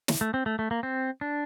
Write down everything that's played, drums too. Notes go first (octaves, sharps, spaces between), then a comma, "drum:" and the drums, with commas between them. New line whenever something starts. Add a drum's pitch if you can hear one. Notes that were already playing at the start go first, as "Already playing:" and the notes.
drum: snare
A3
C4
A3
A3
A#3
C4
D4